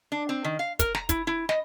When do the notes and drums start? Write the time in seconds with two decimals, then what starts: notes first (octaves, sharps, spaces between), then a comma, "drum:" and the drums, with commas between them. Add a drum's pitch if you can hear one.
0.12 D4
0.29 C4
0.44 D#3
0.59 F5
0.79 A#4, drum: kick, hi-hat
0.95 A#5, drum: snare
1.09 E4, drum: kick, hi-hat
1.27 E4
1.49 D#5, drum: snare